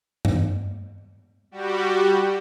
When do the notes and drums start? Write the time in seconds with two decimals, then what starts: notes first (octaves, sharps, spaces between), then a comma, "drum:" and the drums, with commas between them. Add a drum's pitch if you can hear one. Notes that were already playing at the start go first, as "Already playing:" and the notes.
0.25 drum: tom G2
1.51 G3 F#4 G4